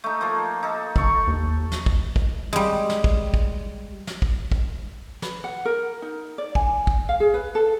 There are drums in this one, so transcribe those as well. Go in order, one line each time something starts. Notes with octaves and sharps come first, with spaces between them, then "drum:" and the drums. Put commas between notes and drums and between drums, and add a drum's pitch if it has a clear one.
A3 D#4
F3 A#3 A4
D#4 A4
G1 A4 C#6, drum: kick
D#2
drum: snare
drum: kick
drum: kick
G3 G#3
drum: snare
drum: kick
drum: kick
drum: snare
drum: kick
drum: kick
B4, drum: snare
F#5
A#4
D#4
D5
G#5, drum: kick
drum: kick
F5
G#4
B4
A4